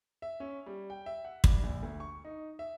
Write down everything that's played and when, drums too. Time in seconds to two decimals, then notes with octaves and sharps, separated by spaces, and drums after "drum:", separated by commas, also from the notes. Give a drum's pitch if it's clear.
0.22 E5
0.40 C#4
0.66 G3
0.90 G5
1.06 E5
1.25 F#5
1.44 G2, drum: kick
1.63 A#1
1.83 D2
2.00 C#6
2.25 D#4
2.59 E5